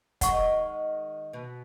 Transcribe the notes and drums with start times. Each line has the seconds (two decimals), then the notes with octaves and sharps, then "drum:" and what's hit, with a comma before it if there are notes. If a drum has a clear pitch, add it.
0.21 D#3 G#3 D#4 F#5 C#6, drum: kick, hi-hat
1.33 B2